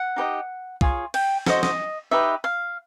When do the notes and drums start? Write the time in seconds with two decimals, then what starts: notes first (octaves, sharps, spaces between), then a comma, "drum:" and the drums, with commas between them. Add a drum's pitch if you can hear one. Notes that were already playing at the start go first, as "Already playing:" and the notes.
Already playing: F#5
0.16 D#4 G4 B4 D#5
0.81 F4 G#4 C#5, drum: kick
1.14 G5, drum: cymbal
1.47 F#4 A4 C5 D#5 E5, drum: snare
1.63 D#5, drum: snare
2.11 D#4 G4 B4 D#5 E5
2.44 F5